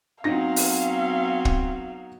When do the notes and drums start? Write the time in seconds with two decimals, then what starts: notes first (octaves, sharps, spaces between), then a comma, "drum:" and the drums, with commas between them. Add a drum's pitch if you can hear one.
0.24 F#3 B3 C4 D#4 F5 A#6
0.56 drum: open hi-hat
1.45 drum: kick